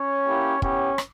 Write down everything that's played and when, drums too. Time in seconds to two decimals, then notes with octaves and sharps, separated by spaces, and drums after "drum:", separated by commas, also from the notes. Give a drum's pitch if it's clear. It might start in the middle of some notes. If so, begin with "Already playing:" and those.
Already playing: C#4 C#5
0.26 A#3 E4 G4
0.62 B3 C#4 E4 G4 C#5, drum: kick
0.98 drum: rim click